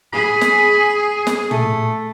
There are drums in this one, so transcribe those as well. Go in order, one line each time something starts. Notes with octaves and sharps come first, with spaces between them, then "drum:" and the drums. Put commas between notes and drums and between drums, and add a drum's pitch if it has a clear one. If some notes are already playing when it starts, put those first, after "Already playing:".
G#4 B5
drum: snare
drum: snare
A3, drum: tom